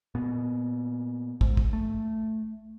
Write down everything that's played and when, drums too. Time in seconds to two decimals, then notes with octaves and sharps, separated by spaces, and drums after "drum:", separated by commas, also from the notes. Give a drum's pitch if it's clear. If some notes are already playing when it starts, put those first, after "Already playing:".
0.15 A#2 B3
1.41 G#2, drum: kick
1.57 drum: kick
1.73 A3